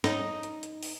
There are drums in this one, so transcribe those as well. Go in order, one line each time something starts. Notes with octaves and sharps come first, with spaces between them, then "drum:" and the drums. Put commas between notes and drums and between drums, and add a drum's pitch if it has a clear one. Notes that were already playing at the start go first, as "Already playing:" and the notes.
D#4, drum: snare
drum: hi-hat
drum: hi-hat
drum: open hi-hat